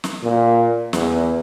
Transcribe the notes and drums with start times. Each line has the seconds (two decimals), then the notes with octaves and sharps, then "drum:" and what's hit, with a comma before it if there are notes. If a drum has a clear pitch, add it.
0.04 drum: snare
0.24 A#2
0.93 E2, drum: snare